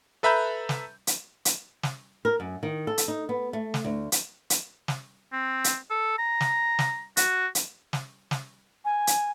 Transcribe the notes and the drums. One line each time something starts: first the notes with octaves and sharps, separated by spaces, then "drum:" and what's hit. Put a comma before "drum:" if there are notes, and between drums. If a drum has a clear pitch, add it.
A4 B4 E5 A#5 B5 G6
drum: snare
drum: hi-hat
drum: hi-hat
drum: snare
A#4
F#2
D#3
A4
drum: hi-hat
D#4
B3
A3
drum: snare
D2
drum: hi-hat
drum: hi-hat
drum: snare
C4
drum: hi-hat
A4
A#5
drum: snare
drum: snare
F#4, drum: hi-hat
drum: hi-hat
drum: snare
drum: snare
G#5
drum: hi-hat